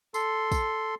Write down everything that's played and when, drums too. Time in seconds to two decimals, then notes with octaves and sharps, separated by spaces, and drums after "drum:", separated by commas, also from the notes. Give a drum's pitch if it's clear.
0.14 A4 C6, drum: tambourine
0.52 drum: kick, tambourine